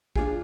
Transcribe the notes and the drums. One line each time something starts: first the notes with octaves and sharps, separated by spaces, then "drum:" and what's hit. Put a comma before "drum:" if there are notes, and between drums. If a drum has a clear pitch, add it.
D4 F4 G#4, drum: kick